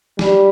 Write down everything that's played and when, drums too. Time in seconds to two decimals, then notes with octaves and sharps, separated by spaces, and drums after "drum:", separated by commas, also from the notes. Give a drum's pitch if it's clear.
0.19 G3, drum: snare